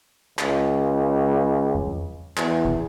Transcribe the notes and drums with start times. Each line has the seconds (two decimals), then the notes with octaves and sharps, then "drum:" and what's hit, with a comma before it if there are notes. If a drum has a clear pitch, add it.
0.39 C#2, drum: clap
1.75 drum: tom E2
2.37 E2, drum: clap
2.65 drum: kick